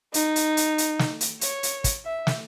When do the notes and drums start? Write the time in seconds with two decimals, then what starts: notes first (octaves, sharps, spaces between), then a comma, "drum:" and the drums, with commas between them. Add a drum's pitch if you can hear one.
0.14 D#4, drum: hi-hat
0.36 drum: hi-hat
0.57 drum: hi-hat
0.78 drum: hi-hat
0.99 drum: snare
1.21 drum: hi-hat
1.41 C#5, drum: hi-hat
1.63 drum: hi-hat
1.84 drum: kick, hi-hat
2.05 E5
2.27 drum: snare